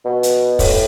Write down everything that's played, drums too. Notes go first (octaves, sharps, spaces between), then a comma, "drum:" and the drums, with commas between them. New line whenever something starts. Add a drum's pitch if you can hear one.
B2
drum: hi-hat
A2, drum: kick, open hi-hat